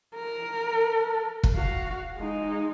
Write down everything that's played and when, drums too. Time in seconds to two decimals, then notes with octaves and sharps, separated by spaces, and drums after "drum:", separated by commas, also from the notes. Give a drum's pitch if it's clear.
0.15 A#4
1.43 drum: kick
1.54 F#4 F5
2.17 G#3 D#4